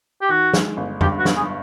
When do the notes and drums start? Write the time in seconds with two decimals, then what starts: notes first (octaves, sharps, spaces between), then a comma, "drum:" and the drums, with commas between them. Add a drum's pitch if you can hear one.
0.22 G4
0.29 D#3 F#4
0.54 G#3, drum: snare
0.77 G1
1.01 G2 G4, drum: tom F2
1.19 F#4
1.25 G1, drum: snare
1.36 G#4